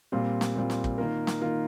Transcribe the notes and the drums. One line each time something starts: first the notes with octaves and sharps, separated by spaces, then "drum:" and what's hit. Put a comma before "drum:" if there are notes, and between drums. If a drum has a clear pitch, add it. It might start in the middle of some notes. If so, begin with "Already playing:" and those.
A#2 G3 C4 F4
drum: snare
A#2 G3 C4 F4
drum: snare
drum: kick
D#3 A#3 F4 A#4
drum: snare
D#3 A#3 F4 A#4